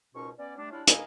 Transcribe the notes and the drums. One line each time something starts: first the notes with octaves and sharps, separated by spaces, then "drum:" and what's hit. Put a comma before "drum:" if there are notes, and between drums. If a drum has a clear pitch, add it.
C#2 G#2 B2 C#4 A#4 C#6
B3 C#4 D5
G3 A3 D4
G3 C#4 D4 E4 F4
A#4 B4 D#5 F5 G#5, drum: hi-hat